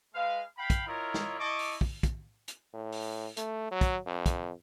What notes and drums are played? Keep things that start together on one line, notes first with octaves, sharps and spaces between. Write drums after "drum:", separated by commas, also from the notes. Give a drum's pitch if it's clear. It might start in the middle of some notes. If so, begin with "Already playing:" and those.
G#3 B4 F5
F5 G5 B5
drum: kick, hi-hat
E4 F4 A#4 C#5 D#5
drum: snare
E4 D#5 A5 C#6 D6
drum: open hi-hat
drum: kick
drum: kick, hi-hat
drum: hi-hat
A2
drum: open hi-hat
A3, drum: hi-hat
F#3
drum: kick, hi-hat
F2
drum: kick, hi-hat